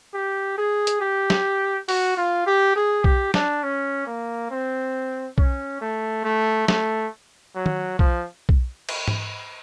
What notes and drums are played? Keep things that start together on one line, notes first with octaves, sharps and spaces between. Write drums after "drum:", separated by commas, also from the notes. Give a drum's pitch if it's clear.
G4
G#4
drum: hi-hat
G4
drum: snare
F#4, drum: open hi-hat
F4
G4
G#4
G4, drum: kick B1
D4, drum: snare
C#4
A#3
C4
C#4, drum: kick B1
A3
A3
A3, drum: snare
F#3
drum: tom
F3, drum: kick B1
drum: kick B1
drum: cymbal
drum: tom G#2